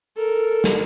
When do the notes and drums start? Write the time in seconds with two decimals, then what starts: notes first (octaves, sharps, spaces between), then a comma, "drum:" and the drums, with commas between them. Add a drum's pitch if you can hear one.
0.16 A4 A#4
0.64 drum: snare